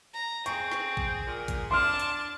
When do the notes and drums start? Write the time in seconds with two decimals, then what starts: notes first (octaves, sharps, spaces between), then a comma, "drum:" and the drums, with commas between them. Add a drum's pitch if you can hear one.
0.13 A#5
0.46 C4 G#4 C#6, drum: hi-hat
0.72 drum: snare
0.97 drum: kick A#1
1.26 A#2
1.48 drum: kick A#1, hi-hat
1.71 D4 A5 C6 F6
1.99 drum: hi-hat